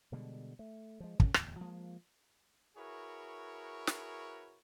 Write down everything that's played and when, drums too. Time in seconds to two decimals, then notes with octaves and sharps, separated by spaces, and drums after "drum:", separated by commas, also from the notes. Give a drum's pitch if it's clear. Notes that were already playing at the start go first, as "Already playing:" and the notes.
0.12 B2 D3 G3 G#3
0.59 A3
1.00 F3 G#3
1.20 D3 C#4, drum: kick
1.34 D1 E2, drum: rim click
1.61 F3 G#3 A#3
2.77 E4 F#4 G#4 A#4 B4 C#5
3.87 drum: snare